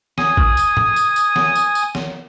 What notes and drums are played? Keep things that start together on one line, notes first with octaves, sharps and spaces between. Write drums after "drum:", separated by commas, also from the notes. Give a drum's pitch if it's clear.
G#5 D#6, drum: snare
drum: kick A1
drum: tambourine
drum: tom
drum: tambourine
drum: tambourine
drum: snare
drum: tambourine
drum: tambourine
drum: snare